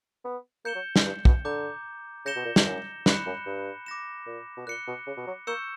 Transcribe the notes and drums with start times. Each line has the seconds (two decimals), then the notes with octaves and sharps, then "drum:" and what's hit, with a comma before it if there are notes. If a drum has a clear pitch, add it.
0.25 B3
0.65 A#3 G6 C#7 E7 G7
0.75 F#3
0.96 E3, drum: snare
1.05 G2
1.25 B2, drum: kick
1.45 D3 A#5 D6 G6
2.25 C#3 G6 A#6 C#7 E7 G7
2.36 B2
2.46 A#2
2.56 G2, drum: snare
2.66 F#2
3.06 G2 B5 F#6 C#7 E7 G7, drum: snare
3.26 F#2
3.46 G2
3.86 D6 A#6 E7
4.26 A#2
4.57 B2
4.67 A#2 F#6 C#7 G7
4.87 B2
5.07 C#3
5.17 B2
5.27 F#3
5.47 A#3 C#6 E6 G6 C#7 E7